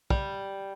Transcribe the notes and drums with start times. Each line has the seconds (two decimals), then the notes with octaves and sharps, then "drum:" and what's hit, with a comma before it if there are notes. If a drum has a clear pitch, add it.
0.10 G3, drum: kick